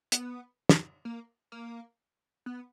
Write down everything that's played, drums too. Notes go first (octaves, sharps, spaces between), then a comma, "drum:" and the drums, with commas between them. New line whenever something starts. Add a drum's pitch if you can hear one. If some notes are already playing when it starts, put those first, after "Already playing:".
B3, drum: hi-hat
drum: snare
A#3
A#3
B3